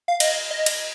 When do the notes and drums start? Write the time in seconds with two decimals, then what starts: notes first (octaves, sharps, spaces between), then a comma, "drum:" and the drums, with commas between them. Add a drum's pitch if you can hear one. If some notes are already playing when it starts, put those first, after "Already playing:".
0.08 F5
0.20 D#5, drum: cymbal
0.51 D#5
0.66 drum: cymbal